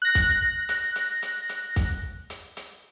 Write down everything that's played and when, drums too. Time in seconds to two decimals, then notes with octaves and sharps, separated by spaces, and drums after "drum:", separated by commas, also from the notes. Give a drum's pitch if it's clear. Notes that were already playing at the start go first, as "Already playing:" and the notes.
0.02 F#6 A#6
0.15 drum: kick, hi-hat
0.69 drum: hi-hat
0.96 drum: hi-hat
1.23 drum: hi-hat
1.49 drum: hi-hat
1.76 drum: kick, hi-hat
2.30 drum: hi-hat
2.57 drum: hi-hat